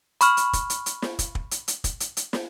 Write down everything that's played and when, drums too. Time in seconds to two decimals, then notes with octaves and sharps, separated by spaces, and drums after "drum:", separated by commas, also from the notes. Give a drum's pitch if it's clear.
0.21 B5 C#6 F6, drum: hi-hat
0.37 drum: hi-hat
0.53 drum: kick, hi-hat
0.70 drum: hi-hat
0.86 drum: hi-hat
1.02 drum: snare
1.19 drum: kick, hi-hat
1.35 drum: kick
1.51 drum: hi-hat
1.68 drum: hi-hat
1.84 drum: kick, hi-hat
2.00 drum: hi-hat
2.17 drum: hi-hat
2.33 drum: snare